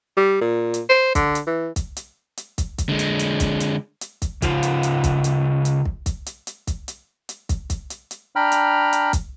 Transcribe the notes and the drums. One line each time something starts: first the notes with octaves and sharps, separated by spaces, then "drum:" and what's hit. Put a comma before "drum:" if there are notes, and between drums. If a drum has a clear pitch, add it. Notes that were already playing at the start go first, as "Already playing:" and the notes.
G3
A#2
drum: hi-hat
C5
D3, drum: kick, hi-hat
drum: hi-hat
E3
drum: kick, hi-hat
drum: hi-hat
drum: hi-hat
drum: kick, hi-hat
drum: kick, hi-hat
D3 G#3
drum: hi-hat
drum: hi-hat
drum: kick, hi-hat
drum: hi-hat
drum: hi-hat
drum: kick, hi-hat
C#3 F4 C5, drum: kick, hi-hat
drum: hi-hat
drum: hi-hat
drum: kick, hi-hat
drum: hi-hat
drum: hi-hat
drum: kick
drum: kick, hi-hat
drum: hi-hat
drum: hi-hat
drum: kick, hi-hat
drum: hi-hat
drum: hi-hat
drum: kick, hi-hat
drum: kick, hi-hat
drum: hi-hat
drum: hi-hat
D4 G5 A#5 B5 F6
drum: hi-hat
drum: hi-hat
drum: kick, hi-hat